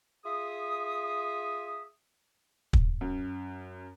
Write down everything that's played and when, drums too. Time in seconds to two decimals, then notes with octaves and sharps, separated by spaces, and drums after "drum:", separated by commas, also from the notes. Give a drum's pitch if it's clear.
0.25 F4 G#4 E5 D#6
2.73 drum: kick
3.01 F#2